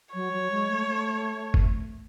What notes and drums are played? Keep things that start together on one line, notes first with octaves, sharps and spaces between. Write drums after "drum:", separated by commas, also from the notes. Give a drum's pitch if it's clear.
F#3 C#5
F#3
G#3
A3
A3
drum: kick F#1